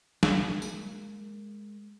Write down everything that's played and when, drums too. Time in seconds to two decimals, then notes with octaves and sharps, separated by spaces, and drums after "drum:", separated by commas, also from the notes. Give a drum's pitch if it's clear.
0.23 G#3 A#3, drum: snare
0.62 drum: tambourine